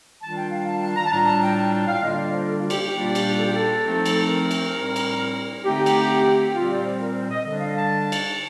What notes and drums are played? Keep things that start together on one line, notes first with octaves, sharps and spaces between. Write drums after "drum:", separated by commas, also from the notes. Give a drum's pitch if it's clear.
D#3 G3 D4 F4 A5
G5
F5
A5
A5
A#5
A5
A2 G3 D4 F4 A#5
A5
G5
A5
G5
F5
D3 G3 A#3 D4 F4 D#5
D5
C5
A4
F4
G4, drum: cymbal
G4
A#2 G3 A#3 D4 F4
drum: cymbal
A4
G4
A4
F3 A3 C4 D#4
drum: cymbal
A#4
drum: cymbal
A2 G3 C4
drum: cymbal
D3 A3 C4 D#4 G4
drum: cymbal
A#2 G3 C4 F4
D5
C5
A#4
C5
D#5
D3 G3 D4 D#5
F5
A5
drum: cymbal